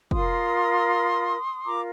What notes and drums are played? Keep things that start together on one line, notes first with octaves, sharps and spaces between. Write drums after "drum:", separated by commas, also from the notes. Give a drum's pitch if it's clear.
F4 A#4 C6 D#6, drum: kick
F4 A#4 A#5 D6